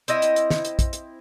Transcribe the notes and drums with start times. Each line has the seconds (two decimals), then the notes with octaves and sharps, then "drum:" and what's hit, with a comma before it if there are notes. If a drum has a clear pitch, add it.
0.08 C4 E4 D#5, drum: hi-hat
0.22 drum: hi-hat
0.36 drum: hi-hat
0.50 drum: snare
0.65 drum: hi-hat
0.79 drum: kick, hi-hat
0.93 drum: hi-hat